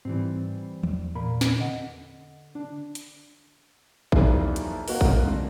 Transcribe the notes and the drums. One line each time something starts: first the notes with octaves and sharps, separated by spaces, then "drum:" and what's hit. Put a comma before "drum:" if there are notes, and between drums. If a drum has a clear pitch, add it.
G#2 E3 G3 C4
E2, drum: tom
A#2 A#4 B5
drum: snare
D3 D#5 F#5
D4
drum: hi-hat
B1 E2 E3 F3 G3 A#3, drum: kick A1
drum: hi-hat
A#3 F#4 A#4 D#5, drum: open hi-hat
drum: kick A1
C#2 D3